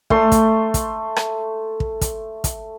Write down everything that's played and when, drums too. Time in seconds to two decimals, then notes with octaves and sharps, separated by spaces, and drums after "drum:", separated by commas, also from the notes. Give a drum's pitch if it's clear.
0.10 A3 C6, drum: kick
0.32 drum: kick, hi-hat
0.74 drum: kick, hi-hat
1.16 drum: rim click
1.80 drum: kick
2.01 drum: kick, hi-hat
2.44 drum: kick, hi-hat